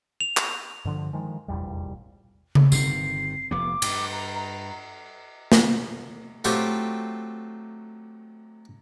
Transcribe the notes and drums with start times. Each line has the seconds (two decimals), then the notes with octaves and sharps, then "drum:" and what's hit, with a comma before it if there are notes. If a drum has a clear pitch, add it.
0.21 F7
0.37 drum: clap
0.85 G2 D3 F3
1.13 D#3 F3 G#3
1.48 F1 A#1 E2 G3
2.55 drum: tom C#3
2.72 G1 D#3 C4 C7, drum: tambourine
3.51 F1 F3 B3 D6
3.82 G2, drum: cymbal
4.12 A#5
4.35 A#5
5.52 drum: snare
6.44 F#3 A3 C4 F4 G4, drum: tambourine